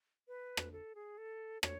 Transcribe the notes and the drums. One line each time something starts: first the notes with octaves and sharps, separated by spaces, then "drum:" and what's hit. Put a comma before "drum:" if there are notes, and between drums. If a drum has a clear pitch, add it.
B4
drum: rim click
A4
G#4
A4
C#5, drum: rim click